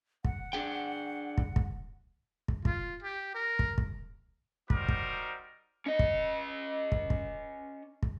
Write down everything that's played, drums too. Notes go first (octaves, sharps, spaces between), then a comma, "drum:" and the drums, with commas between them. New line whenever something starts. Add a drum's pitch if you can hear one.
F#5, drum: kick
D4 G#4 G5
drum: kick
drum: kick
drum: kick
F4, drum: kick
G4
A#4
drum: kick
drum: kick
G3 D#4 F#4 A#4 C5 D6, drum: kick
drum: kick
C#4 D#5
drum: kick
drum: kick
drum: kick
drum: kick